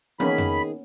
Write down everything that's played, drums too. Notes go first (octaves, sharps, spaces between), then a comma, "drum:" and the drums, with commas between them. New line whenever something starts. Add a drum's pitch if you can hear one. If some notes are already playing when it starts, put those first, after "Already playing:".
D#3 A#3 B3 C#4 G#4 B5, drum: tom
drum: tom F2